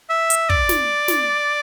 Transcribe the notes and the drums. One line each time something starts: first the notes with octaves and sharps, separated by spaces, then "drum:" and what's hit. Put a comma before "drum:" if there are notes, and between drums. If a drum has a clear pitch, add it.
E5
drum: hi-hat
D5, drum: kick
drum: snare
drum: snare